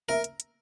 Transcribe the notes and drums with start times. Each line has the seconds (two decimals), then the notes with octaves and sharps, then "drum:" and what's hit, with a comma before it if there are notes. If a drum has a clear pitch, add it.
0.09 A#4 E5
0.24 drum: hi-hat
0.40 drum: hi-hat